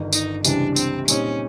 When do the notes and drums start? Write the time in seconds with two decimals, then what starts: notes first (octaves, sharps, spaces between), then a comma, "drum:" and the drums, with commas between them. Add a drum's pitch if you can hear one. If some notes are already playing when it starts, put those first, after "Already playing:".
Already playing: G1 G2 D#3
0.13 D#4, drum: tambourine
0.45 C#2 C3 E3 G3 D4, drum: tambourine
0.76 C4, drum: tambourine
1.08 A#2 G3 C4 C#4 D#4, drum: tambourine